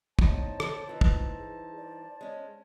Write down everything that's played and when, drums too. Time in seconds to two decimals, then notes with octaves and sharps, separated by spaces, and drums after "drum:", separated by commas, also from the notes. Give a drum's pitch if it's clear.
0.19 E2 D#4 C5 C#5 A5, drum: kick
0.60 drum: rim click
0.87 G2 E3 D#4 F4
1.01 drum: kick
1.39 G#4
1.76 D5
2.21 G#3 C#4